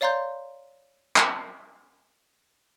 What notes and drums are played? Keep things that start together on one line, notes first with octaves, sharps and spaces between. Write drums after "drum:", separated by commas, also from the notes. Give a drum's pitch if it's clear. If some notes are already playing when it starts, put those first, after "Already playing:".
C#5 D5 F5 A#5 C6 G6
drum: clap